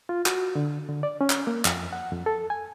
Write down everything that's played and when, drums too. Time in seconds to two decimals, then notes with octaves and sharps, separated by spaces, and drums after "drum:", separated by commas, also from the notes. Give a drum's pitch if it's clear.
0.09 F4
0.26 F#4, drum: clap
0.55 D3
0.89 D3
1.03 D5
1.21 C#4
1.30 drum: clap
1.47 A#3
1.65 F2, drum: clap
1.93 F#5
2.12 F2
2.26 A4
2.50 G#5